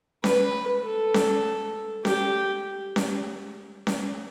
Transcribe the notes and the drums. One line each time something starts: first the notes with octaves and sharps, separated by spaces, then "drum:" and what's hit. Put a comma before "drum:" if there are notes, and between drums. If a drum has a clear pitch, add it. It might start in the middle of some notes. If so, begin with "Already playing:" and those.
B4, drum: snare C#4
A4
drum: snare C#4
G4, drum: snare C#4
drum: snare C#4
drum: snare C#4